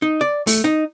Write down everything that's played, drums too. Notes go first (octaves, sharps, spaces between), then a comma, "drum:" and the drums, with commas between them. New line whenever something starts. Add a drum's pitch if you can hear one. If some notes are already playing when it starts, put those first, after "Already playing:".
D#4
D5
A3, drum: open hi-hat
D#4